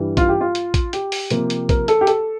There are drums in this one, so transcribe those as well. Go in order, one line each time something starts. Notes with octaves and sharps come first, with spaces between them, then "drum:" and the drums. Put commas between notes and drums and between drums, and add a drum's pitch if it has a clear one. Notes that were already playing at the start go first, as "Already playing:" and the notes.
Already playing: G2 E3 G3
F4, drum: kick, hi-hat
G4
F4
drum: hi-hat
drum: kick, hi-hat
G4, drum: hi-hat
drum: open hi-hat
C3 F3 A#3, drum: hi-hat
drum: hi-hat
A#4, drum: kick, hi-hat
A4, drum: hi-hat
G4
A4, drum: hi-hat